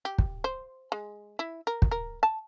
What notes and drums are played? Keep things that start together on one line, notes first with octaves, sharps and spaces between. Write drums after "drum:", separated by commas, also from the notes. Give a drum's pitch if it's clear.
G4
drum: kick
C5
G#3
E4
A#4
drum: kick
A#4
A5